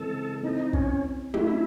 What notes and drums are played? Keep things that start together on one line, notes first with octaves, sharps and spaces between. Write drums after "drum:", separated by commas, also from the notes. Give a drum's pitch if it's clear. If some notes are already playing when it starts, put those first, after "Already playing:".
Already playing: C#3 E3 G#3 C4 A4
C4 D#4 E4 A4
C#4, drum: kick
F#3 A3 D#4 E4 F#4 A4, drum: tom